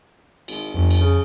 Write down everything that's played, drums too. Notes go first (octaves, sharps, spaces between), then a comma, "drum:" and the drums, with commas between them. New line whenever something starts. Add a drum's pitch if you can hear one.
G#1, drum: cymbal
G1 F2
drum: cymbal
C#3